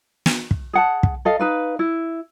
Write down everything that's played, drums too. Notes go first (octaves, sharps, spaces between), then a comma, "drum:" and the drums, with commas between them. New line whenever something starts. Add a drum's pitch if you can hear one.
drum: snare
drum: kick
G#4 F#5 A5
drum: kick
A4 D#5 F5
D#4 B4 F5
E4